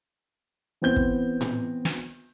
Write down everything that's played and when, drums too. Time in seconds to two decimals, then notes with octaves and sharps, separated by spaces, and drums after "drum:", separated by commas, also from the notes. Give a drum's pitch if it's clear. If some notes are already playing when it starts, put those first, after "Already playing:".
0.81 E3 B3 C4 G6 G7
0.96 drum: kick
1.41 drum: tom A2
1.85 drum: snare